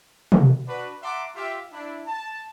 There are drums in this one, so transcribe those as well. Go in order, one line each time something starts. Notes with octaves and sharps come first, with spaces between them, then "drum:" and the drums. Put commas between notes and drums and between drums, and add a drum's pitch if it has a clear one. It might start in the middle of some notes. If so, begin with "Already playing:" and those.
drum: tom
D4 F#4 B4
E5 F#5 A5 A#5 C6 D6
F4 G4 E5
D4 E4
A5